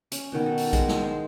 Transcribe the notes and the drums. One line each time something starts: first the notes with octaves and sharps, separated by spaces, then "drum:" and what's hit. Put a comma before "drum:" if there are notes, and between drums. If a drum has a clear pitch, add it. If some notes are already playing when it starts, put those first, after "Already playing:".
C#4, drum: hi-hat
B2 D#3 B3
A4
drum: open hi-hat
G#3, drum: kick A#1, hi-hat
drum: snare
C5